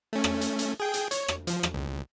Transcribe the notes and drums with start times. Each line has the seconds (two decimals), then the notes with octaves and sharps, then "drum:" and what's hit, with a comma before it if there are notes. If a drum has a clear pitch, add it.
0.13 A3 C#4
0.24 drum: rim click
0.41 drum: hi-hat
0.59 drum: hi-hat
0.80 G#4 G5
0.94 drum: hi-hat
1.11 C#5, drum: hi-hat
1.28 drum: rim click
1.47 F3, drum: hi-hat
1.63 drum: rim click
1.74 C#2